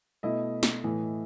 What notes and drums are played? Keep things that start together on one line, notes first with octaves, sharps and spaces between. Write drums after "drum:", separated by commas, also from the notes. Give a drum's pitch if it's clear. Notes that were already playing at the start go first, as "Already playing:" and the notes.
B2 A3 E4 D#5
drum: snare
A2 E3 A3